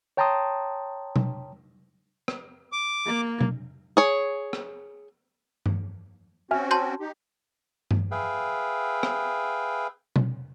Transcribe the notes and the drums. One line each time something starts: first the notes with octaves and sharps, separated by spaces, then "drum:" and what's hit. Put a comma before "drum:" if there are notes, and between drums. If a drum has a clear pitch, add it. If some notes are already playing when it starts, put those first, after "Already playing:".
C#5 G5 A5 A#5 C6 D#6
drum: tom B2
drum: rim click
D6
A#3
drum: tom B2
G#4 C#5
drum: rim click
drum: tom G2
C4 C#4 F#4 E5 G#5 F6
A5 C6 G6
D#4 G4
drum: tom G2
G#4 B4 E5 F5 G5
drum: rim click
drum: tom B2